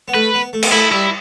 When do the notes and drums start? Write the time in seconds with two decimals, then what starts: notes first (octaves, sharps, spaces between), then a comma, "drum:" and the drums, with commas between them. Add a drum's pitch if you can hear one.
0.08 B3
0.14 A3 B4
0.34 B3
0.53 A3
0.63 B3, drum: cymbal
0.72 A3 E4
0.91 G3 E4